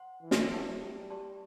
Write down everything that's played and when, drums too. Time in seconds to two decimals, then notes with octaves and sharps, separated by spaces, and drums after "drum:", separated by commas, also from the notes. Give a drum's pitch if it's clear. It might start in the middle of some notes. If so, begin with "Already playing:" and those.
Already playing: C5 F#5 C6
0.22 E3
0.31 drum: snare
0.52 F#3 E4 G4 B4 E5 A5
0.81 G3
1.10 G4 D5 A5 C6